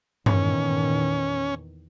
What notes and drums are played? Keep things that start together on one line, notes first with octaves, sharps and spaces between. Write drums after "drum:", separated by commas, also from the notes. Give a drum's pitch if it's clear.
E2 A#2 D#3 C#4, drum: tom G2